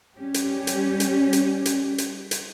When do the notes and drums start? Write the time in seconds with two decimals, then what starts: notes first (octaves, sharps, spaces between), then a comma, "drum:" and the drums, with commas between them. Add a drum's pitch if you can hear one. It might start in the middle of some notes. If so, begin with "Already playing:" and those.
0.18 G3 C#4 G4
0.34 drum: hi-hat
0.67 drum: hi-hat
1.00 drum: hi-hat
1.33 drum: hi-hat
1.66 drum: hi-hat
1.98 drum: hi-hat
2.31 drum: hi-hat